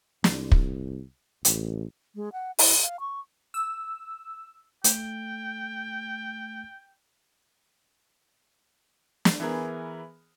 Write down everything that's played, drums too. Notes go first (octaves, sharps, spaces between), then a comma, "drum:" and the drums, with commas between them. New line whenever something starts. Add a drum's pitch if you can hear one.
C2, drum: snare
drum: kick
A1, drum: hi-hat
G#3
F#5
E4, drum: open hi-hat
F5
C#6
E6
A3 G5, drum: hi-hat
drum: snare
E3 B3 G#4 A#4